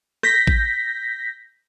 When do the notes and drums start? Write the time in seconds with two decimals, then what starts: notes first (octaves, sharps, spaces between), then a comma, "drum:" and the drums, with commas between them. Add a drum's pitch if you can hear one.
0.23 G6 A#6 B6, drum: rim click
0.47 drum: kick A1